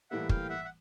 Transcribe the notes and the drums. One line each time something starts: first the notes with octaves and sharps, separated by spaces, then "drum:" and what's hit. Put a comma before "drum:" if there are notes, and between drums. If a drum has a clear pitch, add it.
A2 E3 G3 A#3 E5 F#5
F5 G5, drum: kick
E5 F#5
F#5